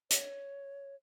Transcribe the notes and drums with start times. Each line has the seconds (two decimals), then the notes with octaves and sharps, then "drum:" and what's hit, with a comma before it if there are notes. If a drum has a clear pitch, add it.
0.10 C#5, drum: hi-hat